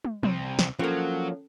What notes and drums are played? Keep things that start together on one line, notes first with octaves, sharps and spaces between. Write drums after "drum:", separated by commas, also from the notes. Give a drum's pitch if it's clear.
drum: tom
C2 C4, drum: tom
drum: snare
F3 F#3 A#3 C#4 A4